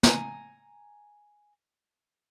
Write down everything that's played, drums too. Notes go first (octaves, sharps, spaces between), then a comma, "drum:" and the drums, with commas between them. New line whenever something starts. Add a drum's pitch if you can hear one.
G#5 A#5, drum: snare